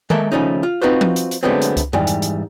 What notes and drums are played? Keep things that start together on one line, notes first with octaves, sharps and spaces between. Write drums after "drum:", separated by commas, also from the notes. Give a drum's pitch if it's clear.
G#3 A#3 A4 A#4 E5, drum: tom D#3
C#3 F3 A3 C#4 D#4
F4
C4 D#4 F4 F#4 B4 C5
drum: tom F3
drum: hi-hat
drum: hi-hat
D3 F#3 G#3 A3 B3 C4
drum: hi-hat
drum: kick C#2, hi-hat
G#2 E3 G3, drum: tom F2
drum: hi-hat
drum: hi-hat